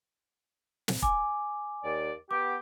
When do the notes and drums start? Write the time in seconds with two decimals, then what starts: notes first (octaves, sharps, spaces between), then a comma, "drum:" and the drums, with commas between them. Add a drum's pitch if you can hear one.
0.88 drum: snare
1.02 G#5 D6, drum: kick
1.84 D#2 D5
2.31 B3 G4 D6